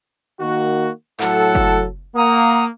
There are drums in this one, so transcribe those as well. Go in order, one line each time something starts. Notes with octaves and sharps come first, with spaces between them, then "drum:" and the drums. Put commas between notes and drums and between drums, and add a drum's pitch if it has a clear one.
D#3 A#3 F#4
A2 F#3 A4 F#5, drum: clap
drum: kick
A#3 F#5 A#5 D#6